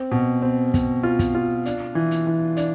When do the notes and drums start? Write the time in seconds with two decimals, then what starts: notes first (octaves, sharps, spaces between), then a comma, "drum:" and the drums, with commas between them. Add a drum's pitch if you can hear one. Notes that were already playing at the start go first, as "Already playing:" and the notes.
Already playing: C4
0.11 B2
0.42 C4
0.74 C4, drum: kick, hi-hat
1.03 F4
1.19 drum: kick, hi-hat
1.35 F4
1.66 D4, drum: hi-hat
1.95 E3
2.11 drum: hi-hat
2.27 E3
2.57 D4, drum: hi-hat